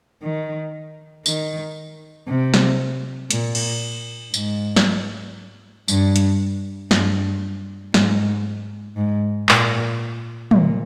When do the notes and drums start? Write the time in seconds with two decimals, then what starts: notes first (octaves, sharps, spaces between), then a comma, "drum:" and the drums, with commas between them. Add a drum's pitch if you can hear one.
0.22 D#3
1.26 D#3, drum: tambourine
2.28 C3
2.54 drum: snare
3.31 A#2, drum: hi-hat
3.55 drum: cymbal
4.34 G#2, drum: tambourine
4.76 drum: snare
5.88 G2, drum: tambourine
6.16 drum: hi-hat
6.91 G2, drum: snare
7.94 G#2, drum: snare
8.97 G#2
9.49 A#2, drum: clap
10.51 A#2, drum: tom